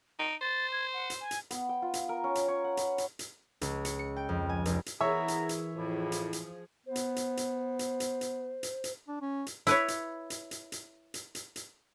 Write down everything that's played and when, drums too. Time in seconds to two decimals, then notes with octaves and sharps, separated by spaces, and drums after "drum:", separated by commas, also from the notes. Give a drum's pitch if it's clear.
0.19 D#4 D7
0.41 C5 A6
0.72 G#6
0.94 F#5
1.10 drum: hi-hat
1.21 G#5
1.31 drum: hi-hat
1.51 B3, drum: hi-hat
1.69 G5
1.82 F4
1.94 drum: hi-hat
2.09 A#4
2.24 C#4
2.35 drum: hi-hat
2.48 C#5
2.64 F#5
2.77 B4, drum: hi-hat
2.98 drum: hi-hat
3.19 drum: hi-hat
3.61 C#2, drum: hi-hat
3.85 C#7, drum: hi-hat
3.99 C#7
4.17 G5
4.29 F2
4.49 G#5
4.65 F1, drum: hi-hat
4.86 drum: hi-hat
5.01 E3 B3 E4 G#4 A#4 C#5 E5 A#5
5.28 drum: hi-hat
5.49 drum: hi-hat
5.75 F2 A2 F3 G#4
6.12 drum: hi-hat
6.33 drum: hi-hat
6.86 B3 C5
6.96 drum: hi-hat
7.16 drum: hi-hat
7.37 drum: hi-hat
7.79 drum: hi-hat
8.00 drum: hi-hat
8.21 drum: hi-hat
8.63 drum: hi-hat
8.84 drum: hi-hat
9.08 D4
9.21 C#4
9.47 drum: hi-hat
9.67 E4 B4 C#5, drum: hi-hat
9.88 drum: hi-hat
10.30 drum: hi-hat
10.51 drum: hi-hat
10.72 drum: hi-hat
11.14 drum: hi-hat
11.35 drum: hi-hat
11.56 drum: hi-hat